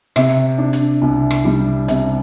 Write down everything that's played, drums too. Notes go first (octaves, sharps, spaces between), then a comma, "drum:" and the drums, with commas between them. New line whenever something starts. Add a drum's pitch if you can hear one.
C3, drum: rim click
D4
drum: hi-hat
C2
drum: rim click
G3
C3, drum: hi-hat